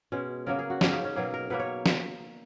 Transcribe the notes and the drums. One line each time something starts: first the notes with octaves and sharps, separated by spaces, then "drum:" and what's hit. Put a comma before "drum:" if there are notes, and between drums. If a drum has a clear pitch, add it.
B2 G#3 C#4
C#3 F#3 A#3 C#4 A#4
G#4
F#4
C#3 F#3 A#3 C#4 D#4, drum: snare
D#4
C#4
B2 F#3 A#3 G#4
A#4
B2 F#3 A#3 B4
C#5
drum: snare